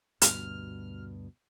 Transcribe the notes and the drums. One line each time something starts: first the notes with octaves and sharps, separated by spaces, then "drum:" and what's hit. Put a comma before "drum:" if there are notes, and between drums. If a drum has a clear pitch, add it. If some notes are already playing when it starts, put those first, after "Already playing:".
D2 G2 B2 F6, drum: hi-hat